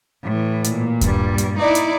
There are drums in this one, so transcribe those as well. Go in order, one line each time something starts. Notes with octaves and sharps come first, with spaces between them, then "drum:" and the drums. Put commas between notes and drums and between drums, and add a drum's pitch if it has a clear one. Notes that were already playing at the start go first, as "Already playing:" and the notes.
A2 E3
A#2, drum: hi-hat
G2 G3, drum: kick D#2, hi-hat
drum: hi-hat
D#4 E4 D5
drum: hi-hat